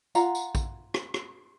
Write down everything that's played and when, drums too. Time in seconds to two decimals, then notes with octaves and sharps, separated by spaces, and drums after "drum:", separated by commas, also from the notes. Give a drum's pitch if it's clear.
0.15 F4 F#5 A#5, drum: tambourine
0.35 drum: tambourine
0.55 drum: kick A#1, tambourine
0.94 drum: rim click
1.14 drum: rim click